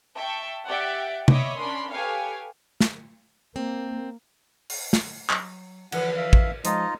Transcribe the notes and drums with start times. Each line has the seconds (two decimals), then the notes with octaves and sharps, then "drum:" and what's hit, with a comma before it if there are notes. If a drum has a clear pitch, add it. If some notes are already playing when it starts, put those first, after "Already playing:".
0.16 E5 G5 A5 C#6
0.66 G4 D5 E5 F#5 G5
1.28 C#5 D#5 E5 B5 D6 D#6, drum: tom C3
1.58 C#4 D4 A#4 B5 C6
1.92 G4 A4 B4 C#5 F5 G#5
2.81 drum: snare
3.56 A#3 C4
4.70 drum: open hi-hat
4.93 drum: snare
5.30 F#3, drum: clap
5.92 D3 E3 F3 F#5, drum: cymbal
6.17 E5 F5
6.33 drum: kick
6.65 F3 G#3 D#4 F4 D#5, drum: hi-hat